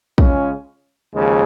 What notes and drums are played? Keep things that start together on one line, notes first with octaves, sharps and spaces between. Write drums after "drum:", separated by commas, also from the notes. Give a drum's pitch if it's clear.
C#3 G#3 C#4 F4, drum: kick
D#2 C#3 F3 G#3